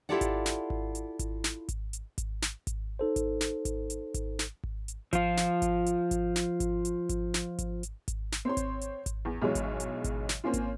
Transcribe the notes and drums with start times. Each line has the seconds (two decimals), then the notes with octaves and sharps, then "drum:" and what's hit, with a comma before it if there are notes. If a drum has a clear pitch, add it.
0.09 E4 F4 G4 A4 D5 F#5
0.21 drum: kick G#1, hi-hat
0.46 drum: snare
0.70 drum: kick G#1
0.95 drum: hi-hat
1.19 drum: kick G#1, hi-hat
1.44 drum: snare
1.69 drum: kick G#1, hi-hat
1.93 drum: hi-hat
2.18 drum: kick G#1, hi-hat
2.42 drum: snare
2.67 drum: kick G#1, hi-hat
2.99 D#4 A4 C5
3.16 drum: kick G#1, hi-hat
3.41 drum: snare
3.65 drum: kick G#1, hi-hat
3.90 drum: hi-hat
4.14 drum: kick G#1, hi-hat
4.39 drum: snare
4.64 drum: kick G#1
4.88 drum: hi-hat
5.13 F3 F4, drum: kick G#1, hi-hat
5.37 drum: snare
5.62 drum: kick G#1, hi-hat
5.86 drum: hi-hat
6.11 drum: kick G#1, hi-hat
6.36 drum: snare
6.60 drum: kick G#1, hi-hat
6.85 drum: hi-hat
7.09 drum: kick G#1, hi-hat
7.34 drum: snare
7.59 drum: kick G#1, hi-hat
7.83 drum: hi-hat
8.08 drum: kick G#1, hi-hat
8.32 drum: snare
8.45 C4 C#5 C6
8.57 drum: kick G#1, hi-hat
8.81 drum: hi-hat
9.06 drum: kick G#1, hi-hat
9.25 E2
9.42 B1 B2 E3 G#3 C#5
9.55 drum: kick G#1, hi-hat
9.80 drum: hi-hat
10.04 drum: kick G#1, hi-hat
10.29 drum: snare
10.44 A#3 C4 C#4 F4
10.54 drum: kick G#1, hi-hat